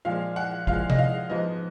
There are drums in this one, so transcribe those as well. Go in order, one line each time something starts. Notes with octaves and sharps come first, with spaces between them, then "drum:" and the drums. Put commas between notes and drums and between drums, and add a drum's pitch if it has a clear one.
A#2 F3 G#3 F5
F#5
A#2 F3 G#3 F5, drum: kick
D#5, drum: tom C3
F5
G#2 F3 G#3 B3 D#5